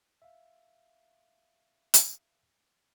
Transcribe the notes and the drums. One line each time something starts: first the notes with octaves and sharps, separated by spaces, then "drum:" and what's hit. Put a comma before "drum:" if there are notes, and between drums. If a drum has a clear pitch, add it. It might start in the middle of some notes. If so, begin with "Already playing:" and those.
E5 F5
drum: hi-hat